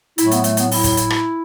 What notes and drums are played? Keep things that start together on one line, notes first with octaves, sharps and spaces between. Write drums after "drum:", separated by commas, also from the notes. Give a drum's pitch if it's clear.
A2 F#3 A3 E4, drum: hi-hat
B3, drum: hi-hat
A3, drum: hi-hat
B3, drum: hi-hat
E4, drum: open hi-hat
drum: kick, hi-hat
drum: hi-hat
drum: rim click